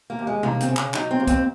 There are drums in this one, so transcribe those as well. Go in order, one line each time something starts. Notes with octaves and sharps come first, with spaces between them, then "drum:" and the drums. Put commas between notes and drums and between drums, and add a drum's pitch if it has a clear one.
A#3
D#2
G#3
D#2 A#3, drum: tom B2
C4, drum: hi-hat
C#3
C#4, drum: clap
F#3 D#4, drum: clap
C4
D#2
C4, drum: kick, hi-hat